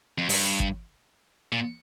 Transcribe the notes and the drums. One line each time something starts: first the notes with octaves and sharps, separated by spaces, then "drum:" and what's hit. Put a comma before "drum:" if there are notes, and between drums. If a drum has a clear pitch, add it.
F2
G2, drum: open hi-hat
drum: kick
A#2